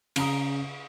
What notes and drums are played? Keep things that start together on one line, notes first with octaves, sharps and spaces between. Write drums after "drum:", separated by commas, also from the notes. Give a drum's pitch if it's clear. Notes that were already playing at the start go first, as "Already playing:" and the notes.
C#3 A#5 D#6, drum: cymbal